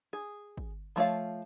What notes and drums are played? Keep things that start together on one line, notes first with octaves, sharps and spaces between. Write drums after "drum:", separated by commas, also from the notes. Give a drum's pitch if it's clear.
G#4
drum: kick
F3 A3 C#5 F5